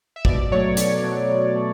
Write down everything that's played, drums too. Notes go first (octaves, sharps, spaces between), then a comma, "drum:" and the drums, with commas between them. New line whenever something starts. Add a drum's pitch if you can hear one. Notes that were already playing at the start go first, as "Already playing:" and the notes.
E5
B2 D5, drum: kick
F#3 A3 C#5
B2 C#5, drum: hi-hat
F#3 A3
B2
A3